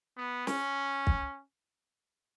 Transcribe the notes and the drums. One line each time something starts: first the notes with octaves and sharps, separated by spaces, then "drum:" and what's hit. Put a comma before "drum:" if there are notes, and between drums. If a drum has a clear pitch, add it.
B3
C#4, drum: snare
drum: kick